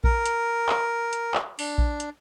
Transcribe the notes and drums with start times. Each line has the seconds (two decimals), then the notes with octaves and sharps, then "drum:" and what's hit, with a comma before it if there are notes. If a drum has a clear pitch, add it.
0.04 A#4, drum: kick A#1
0.26 drum: hi-hat
0.69 drum: clap
1.13 drum: hi-hat
1.35 drum: clap
1.59 D4, drum: open hi-hat
1.78 drum: kick A#1
2.00 drum: hi-hat